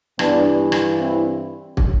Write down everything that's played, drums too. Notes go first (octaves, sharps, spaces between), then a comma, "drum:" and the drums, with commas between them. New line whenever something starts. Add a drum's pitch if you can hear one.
G2 E3 B3 D4, drum: rim click
drum: rim click
C4 E4
drum: kick